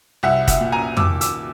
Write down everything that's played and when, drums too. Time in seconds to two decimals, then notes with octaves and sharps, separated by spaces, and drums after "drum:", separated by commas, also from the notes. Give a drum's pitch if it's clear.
0.23 C2 E5 F#5
0.48 E5 F#5, drum: kick F1, hi-hat
0.60 A#2
0.72 G#5 A#5
0.97 D#2 D6 E6, drum: tom
1.21 D6 E6, drum: hi-hat